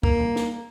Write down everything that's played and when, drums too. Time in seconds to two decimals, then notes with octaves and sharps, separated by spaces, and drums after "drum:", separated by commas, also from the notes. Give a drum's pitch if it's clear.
0.03 A#3, drum: kick
0.20 drum: tom B2
0.36 drum: snare